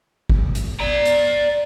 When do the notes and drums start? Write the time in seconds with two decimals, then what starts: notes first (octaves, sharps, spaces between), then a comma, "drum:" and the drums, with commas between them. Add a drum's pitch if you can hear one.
0.30 drum: kick
0.55 drum: hi-hat
0.80 D5 A#5
1.05 drum: hi-hat